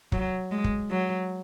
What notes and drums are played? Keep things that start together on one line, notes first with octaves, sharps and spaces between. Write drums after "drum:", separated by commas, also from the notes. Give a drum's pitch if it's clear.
F#3, drum: kick
G#3
drum: kick
F#3